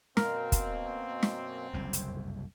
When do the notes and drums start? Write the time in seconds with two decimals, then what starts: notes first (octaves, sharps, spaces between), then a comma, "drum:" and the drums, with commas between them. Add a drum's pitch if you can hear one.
0.17 F#2 B2 A#3 C4 A#4, drum: snare
0.52 drum: kick, hi-hat
1.23 drum: snare
1.74 F#1 C2 F2
1.93 drum: hi-hat